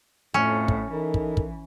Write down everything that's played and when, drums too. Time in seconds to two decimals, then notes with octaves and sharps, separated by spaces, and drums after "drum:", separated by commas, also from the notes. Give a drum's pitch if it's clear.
0.34 F2 A2 C#4
0.68 drum: kick
0.91 E3 D#4 A4 A#4
1.14 drum: kick
1.37 drum: kick